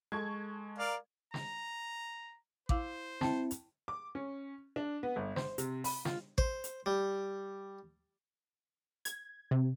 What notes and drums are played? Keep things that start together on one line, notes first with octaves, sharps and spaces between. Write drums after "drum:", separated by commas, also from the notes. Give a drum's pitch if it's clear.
G#3 A4 C#6 G#6
A#4 D5 F5
A#5, drum: snare
E4 C5 F5 D6, drum: kick A1
C4 E4 G5 A5, drum: snare
drum: hi-hat
D6
C#4
D4
B3
G1
C5, drum: snare
C3, drum: hi-hat
B5, drum: open hi-hat
F4, drum: snare
C5, drum: kick A1
drum: hi-hat
G3
G#6, drum: hi-hat
C3